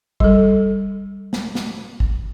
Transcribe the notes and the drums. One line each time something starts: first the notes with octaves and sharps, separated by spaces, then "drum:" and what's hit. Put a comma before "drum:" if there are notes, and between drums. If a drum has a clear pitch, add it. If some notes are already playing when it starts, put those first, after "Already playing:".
G3 A4, drum: kick
drum: snare
drum: snare
drum: kick